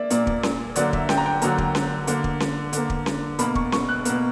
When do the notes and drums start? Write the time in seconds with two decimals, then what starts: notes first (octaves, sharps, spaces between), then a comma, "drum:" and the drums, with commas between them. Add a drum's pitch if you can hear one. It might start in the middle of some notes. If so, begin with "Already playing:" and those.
Already playing: A#3 D5 E5
0.10 A#2 A#3 D5, drum: hi-hat
0.27 drum: kick
0.43 drum: snare C#4
0.76 D3 F#3 A#3 D5, drum: hi-hat
0.93 E5, drum: kick
1.09 G5, drum: snare C#4
1.17 A#5
1.26 G5
1.42 D3 F#3 A#3 A#5, drum: hi-hat
1.58 drum: kick
1.75 drum: snare C#4
2.07 D3 A#3, drum: hi-hat
2.24 drum: kick
2.40 drum: snare C#4
2.73 D3 A#3, drum: hi-hat
2.90 drum: kick
3.06 drum: snare C#4
3.39 B2 A#3 B5, drum: hi-hat
3.55 C#6, drum: kick
3.72 C#6, drum: snare C#4
3.89 F#6
4.05 B2 A#3, drum: hi-hat